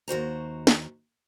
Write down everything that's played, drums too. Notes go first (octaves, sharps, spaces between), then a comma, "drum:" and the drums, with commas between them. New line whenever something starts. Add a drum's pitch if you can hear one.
D#2 F#4 C5 A#5
drum: snare